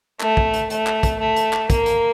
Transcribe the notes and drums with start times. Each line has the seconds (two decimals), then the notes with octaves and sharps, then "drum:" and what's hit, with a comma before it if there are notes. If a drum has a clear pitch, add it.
0.20 A3, drum: clap
0.37 drum: kick
0.54 drum: hi-hat
0.70 A3, drum: hi-hat
0.87 drum: clap
1.03 drum: kick, hi-hat
1.19 A3
1.36 drum: hi-hat
1.53 drum: clap
1.70 A#3, drum: kick, hi-hat
1.86 drum: hi-hat